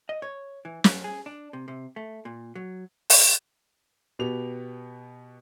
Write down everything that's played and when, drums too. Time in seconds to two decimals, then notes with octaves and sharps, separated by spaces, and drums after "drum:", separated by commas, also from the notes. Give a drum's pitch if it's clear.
0.09 D#5
0.22 C#5
0.65 E3
0.84 F#2, drum: snare
1.04 G#4
1.26 D4
1.53 C3
1.68 C3
1.96 A3
2.25 A#2
2.55 F#3
3.10 drum: open hi-hat
4.19 B2 B3 G4 F7